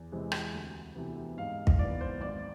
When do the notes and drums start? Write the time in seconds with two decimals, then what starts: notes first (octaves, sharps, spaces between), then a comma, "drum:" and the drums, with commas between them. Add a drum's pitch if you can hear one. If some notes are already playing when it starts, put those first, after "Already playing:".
Already playing: E2
0.12 C3 E3 G#3 C4
0.32 drum: rim click
0.54 D2
0.95 C3 E3 B3
1.38 G#2 F5
1.67 drum: kick
1.79 E3 B3 D5
2.01 C5
2.20 G#1 D5